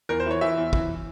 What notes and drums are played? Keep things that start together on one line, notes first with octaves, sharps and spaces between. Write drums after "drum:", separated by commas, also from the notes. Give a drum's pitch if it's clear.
E2 A#4
C5
E3 C#5
E3 E5
E2
E3, drum: kick